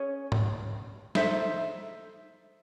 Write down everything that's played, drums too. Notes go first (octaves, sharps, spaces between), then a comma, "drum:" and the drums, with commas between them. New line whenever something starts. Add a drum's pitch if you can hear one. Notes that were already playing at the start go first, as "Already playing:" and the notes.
Already playing: C#4 G#4 C#5
drum: tom
D#4 A4 C5 E5, drum: snare